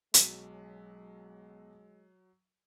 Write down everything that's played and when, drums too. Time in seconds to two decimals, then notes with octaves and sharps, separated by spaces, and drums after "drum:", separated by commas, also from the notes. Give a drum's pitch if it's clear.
0.14 B1 F#3 G#3 B6, drum: hi-hat